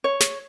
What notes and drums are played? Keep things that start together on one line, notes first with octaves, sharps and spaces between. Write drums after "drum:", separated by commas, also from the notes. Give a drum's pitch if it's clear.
C#5
drum: snare